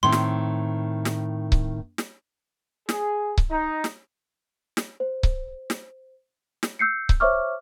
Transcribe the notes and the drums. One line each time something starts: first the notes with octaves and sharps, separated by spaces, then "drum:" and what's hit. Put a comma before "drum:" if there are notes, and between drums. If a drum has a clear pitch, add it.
A2 D#3 C4 C6
drum: snare
drum: snare
drum: kick C#1
drum: snare
G#4, drum: snare
drum: kick C#1
D#4
drum: snare
drum: snare
C5
drum: kick C#1
drum: snare
drum: snare
E6 G6 C7 C#7
drum: kick C#1
C5 C#5 E5 C#6 D6 F6